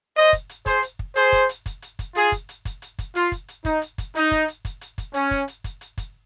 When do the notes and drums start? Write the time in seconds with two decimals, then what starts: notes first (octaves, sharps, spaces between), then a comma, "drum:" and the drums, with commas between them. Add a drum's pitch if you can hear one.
0.16 C5 D#5
0.33 drum: kick, hi-hat
0.49 drum: hi-hat
0.66 G#4 C5, drum: kick, hi-hat
0.83 drum: hi-hat
0.99 drum: kick
1.16 G#4 C5, drum: hi-hat
1.32 drum: kick, hi-hat
1.49 drum: hi-hat
1.66 drum: kick, hi-hat
1.82 drum: hi-hat
1.99 drum: kick, hi-hat
2.15 F4 G#4, drum: hi-hat
2.32 drum: kick, hi-hat
2.49 drum: hi-hat
2.65 drum: kick, hi-hat
2.82 drum: hi-hat
2.99 drum: kick, hi-hat
3.15 F4, drum: hi-hat
3.32 drum: kick, hi-hat
3.48 drum: hi-hat
3.65 D#4, drum: kick, hi-hat
3.82 drum: hi-hat
3.98 drum: kick, hi-hat
4.15 D#4, drum: hi-hat
4.31 drum: kick, hi-hat
4.48 drum: hi-hat
4.65 drum: kick, hi-hat
4.81 drum: hi-hat
4.98 drum: kick, hi-hat
5.14 C#4, drum: hi-hat
5.31 drum: kick, hi-hat
5.48 drum: hi-hat
5.64 drum: kick, hi-hat
5.81 drum: hi-hat
5.98 drum: kick, hi-hat